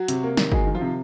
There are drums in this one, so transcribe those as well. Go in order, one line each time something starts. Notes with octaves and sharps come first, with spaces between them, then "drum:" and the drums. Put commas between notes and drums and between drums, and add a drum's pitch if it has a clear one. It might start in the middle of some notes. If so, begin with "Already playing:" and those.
Already playing: F#3 F#4
C3, drum: hi-hat
A#3
D#3, drum: snare
F#3 G#3 G#4, drum: kick
D#3
F3 F4
C3